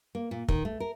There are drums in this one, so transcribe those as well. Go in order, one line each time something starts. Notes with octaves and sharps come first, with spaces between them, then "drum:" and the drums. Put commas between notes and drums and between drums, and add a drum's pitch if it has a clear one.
A#3
A#2
D#3, drum: kick
A3
A#4